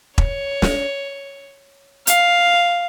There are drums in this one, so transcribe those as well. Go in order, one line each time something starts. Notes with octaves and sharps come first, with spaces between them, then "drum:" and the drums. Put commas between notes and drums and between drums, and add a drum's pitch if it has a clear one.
C#5, drum: kick E1
drum: snare
F5, drum: hi-hat